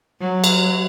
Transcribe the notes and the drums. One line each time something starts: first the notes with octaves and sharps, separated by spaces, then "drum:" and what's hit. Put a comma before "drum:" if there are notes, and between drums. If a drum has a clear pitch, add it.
F#3
drum: cymbal